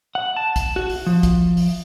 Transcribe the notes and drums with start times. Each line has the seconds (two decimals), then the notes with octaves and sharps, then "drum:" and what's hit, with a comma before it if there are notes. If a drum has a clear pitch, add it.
0.15 F#5
0.36 A5
0.56 drum: kick, hi-hat
0.76 F#4
0.90 drum: open hi-hat
1.06 F3
1.23 drum: kick, hi-hat
1.57 drum: open hi-hat